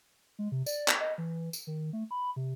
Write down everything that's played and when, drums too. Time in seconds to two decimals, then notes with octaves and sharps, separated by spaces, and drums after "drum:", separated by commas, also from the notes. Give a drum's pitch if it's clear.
0.39 G#3
0.52 C3
0.66 D5, drum: tambourine
0.88 drum: clap
1.00 D#5
1.18 E3
1.53 drum: tambourine
1.67 D#3
1.93 A3
2.11 B5
2.36 C3